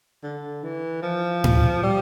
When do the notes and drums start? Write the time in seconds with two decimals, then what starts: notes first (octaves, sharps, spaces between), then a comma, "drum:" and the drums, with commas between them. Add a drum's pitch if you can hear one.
0.23 D3
0.63 E3
1.03 F3
1.44 drum: tom A2
1.83 G3